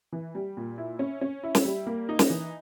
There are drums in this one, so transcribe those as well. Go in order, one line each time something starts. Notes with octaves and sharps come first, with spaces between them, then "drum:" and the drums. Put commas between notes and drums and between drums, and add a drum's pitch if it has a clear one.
E3
G3
A#2
E4
C#4
C#4
E4
drum: snare
G3
A#3
D#4
drum: snare
E3